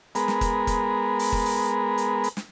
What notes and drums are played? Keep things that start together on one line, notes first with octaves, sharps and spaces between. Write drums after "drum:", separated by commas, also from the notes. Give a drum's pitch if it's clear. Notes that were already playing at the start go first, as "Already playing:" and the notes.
G#3 B3 A#4, drum: hi-hat
drum: snare
drum: kick, hi-hat
drum: kick, hi-hat
drum: open hi-hat
drum: kick
drum: open hi-hat
drum: hi-hat
drum: hi-hat
drum: snare